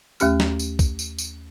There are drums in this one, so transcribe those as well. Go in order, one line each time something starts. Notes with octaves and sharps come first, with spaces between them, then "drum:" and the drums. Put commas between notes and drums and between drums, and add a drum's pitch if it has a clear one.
D#2 A3 C#4 G4 F6, drum: tambourine
drum: snare
drum: tambourine
drum: kick, tambourine
drum: tambourine
drum: tambourine